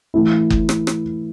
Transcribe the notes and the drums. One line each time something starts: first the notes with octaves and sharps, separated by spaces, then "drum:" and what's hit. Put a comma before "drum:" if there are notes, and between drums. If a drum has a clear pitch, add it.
E3 A3 E4
drum: kick F#1
drum: rim click
drum: rim click